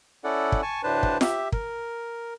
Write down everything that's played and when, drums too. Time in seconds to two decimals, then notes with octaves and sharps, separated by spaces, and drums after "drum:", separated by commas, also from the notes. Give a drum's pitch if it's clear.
0.24 C#4 E4 A4 D5 F#5
0.52 drum: kick
0.62 G#5 A5 C#6
0.83 D2 A2 D4 B4 C5 A5
1.03 drum: kick
1.21 G4 E5, drum: snare F4
1.52 A#4, drum: kick